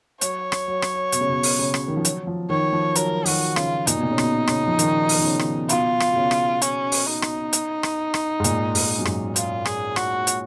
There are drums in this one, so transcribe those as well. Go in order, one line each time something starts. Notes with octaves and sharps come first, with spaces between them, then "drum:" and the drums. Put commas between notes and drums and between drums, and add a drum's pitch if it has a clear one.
F#3 C#5, drum: hi-hat
drum: rim click
F#3
drum: rim click
B2, drum: hi-hat
C#3
B2
drum: open hi-hat
C#3
drum: rim click
D#3
F3
F#3, drum: hi-hat
F3
D#3 C#5
F3
F#3 A#4, drum: hi-hat
F#3
D#3 F#4, drum: open hi-hat
C#3 F4, drum: rim click
A#2 D#4, drum: hi-hat
B2
A#2
C#3
B2, drum: rim click
C#3, drum: rim click
F3
D#3, drum: hi-hat
drum: open hi-hat
D#3
C#3
drum: rim click
B2 F4, drum: hi-hat
drum: rim click
B2
C#3
drum: rim click
C#4, drum: hi-hat
drum: open hi-hat
D#4
drum: rim click
drum: hi-hat
drum: rim click
drum: rim click
G#2
A#2, drum: hi-hat
G#2, drum: open hi-hat
F#2
G#2, drum: rim click
F4, drum: hi-hat
G#4, drum: rim click
F#4, drum: rim click
drum: hi-hat